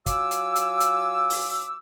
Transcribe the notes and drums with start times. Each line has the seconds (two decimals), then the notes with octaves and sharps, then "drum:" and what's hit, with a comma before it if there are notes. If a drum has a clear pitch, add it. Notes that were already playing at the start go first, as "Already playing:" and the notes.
0.06 F#3 F4 G#5 D6 E6, drum: kick, hi-hat
0.31 drum: hi-hat
0.56 drum: hi-hat
0.80 drum: hi-hat
1.30 drum: open hi-hat